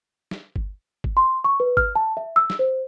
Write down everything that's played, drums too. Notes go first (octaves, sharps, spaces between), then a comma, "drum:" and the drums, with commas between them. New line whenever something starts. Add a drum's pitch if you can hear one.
drum: snare
drum: kick G1
drum: kick G1
C6
C#6
B4
F6, drum: kick G1
A5
E5
E6
drum: snare
C5